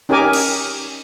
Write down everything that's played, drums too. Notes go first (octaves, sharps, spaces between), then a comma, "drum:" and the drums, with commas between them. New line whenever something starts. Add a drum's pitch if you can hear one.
C#4 D#4 G4 A#4 G#5 D6
drum: cymbal